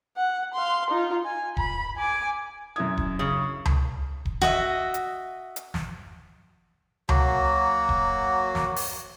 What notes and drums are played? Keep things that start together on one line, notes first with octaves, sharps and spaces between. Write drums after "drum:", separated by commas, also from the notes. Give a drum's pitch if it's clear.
F#5
F5 C6
D#4 F4
G#5
B5, drum: kick D#1
G#5 D6
F#2 E4 D#6 G#6
drum: kick D#1
C#3
drum: tom C#2
drum: kick D#1
F#4 D#5 E5, drum: snare
drum: hi-hat
drum: hi-hat
drum: snare
F#3 A#3 F#4, drum: tom C#2
drum: kick D#1
drum: snare
drum: open hi-hat